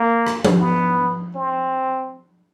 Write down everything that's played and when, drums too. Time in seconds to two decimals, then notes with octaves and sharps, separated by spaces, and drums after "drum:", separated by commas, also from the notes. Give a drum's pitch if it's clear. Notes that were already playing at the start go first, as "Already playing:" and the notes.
Already playing: A#3
0.27 drum: rim click
0.45 drum: tom F3
0.60 B3
1.35 C4